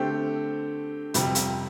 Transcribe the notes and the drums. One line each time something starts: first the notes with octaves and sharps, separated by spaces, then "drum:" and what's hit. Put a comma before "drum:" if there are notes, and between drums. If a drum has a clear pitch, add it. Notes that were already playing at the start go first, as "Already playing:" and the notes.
Already playing: D3 A3 C4 G4
F2 C3 G3, drum: hi-hat
drum: hi-hat